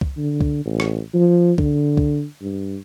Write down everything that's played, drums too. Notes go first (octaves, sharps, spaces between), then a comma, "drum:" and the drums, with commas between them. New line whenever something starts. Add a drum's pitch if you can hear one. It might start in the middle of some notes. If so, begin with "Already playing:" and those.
drum: kick
D3
drum: kick
A1
drum: rim click
F3
D3, drum: kick
drum: kick
G2